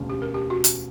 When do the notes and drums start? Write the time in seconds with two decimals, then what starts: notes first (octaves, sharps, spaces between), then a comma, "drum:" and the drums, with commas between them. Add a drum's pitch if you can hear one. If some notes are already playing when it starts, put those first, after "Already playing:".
Already playing: E1 D2 C#3
0.10 G4
0.22 A#4
0.34 G4
0.50 F#4
0.64 drum: hi-hat